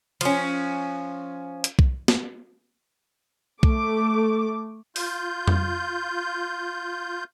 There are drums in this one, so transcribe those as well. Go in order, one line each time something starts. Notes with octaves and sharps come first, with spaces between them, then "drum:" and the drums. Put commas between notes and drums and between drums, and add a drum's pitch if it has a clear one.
F3 C#4, drum: cymbal
drum: hi-hat
drum: kick B1
drum: snare
A3 D6, drum: kick B1
F4 G6, drum: open hi-hat
drum: tom F2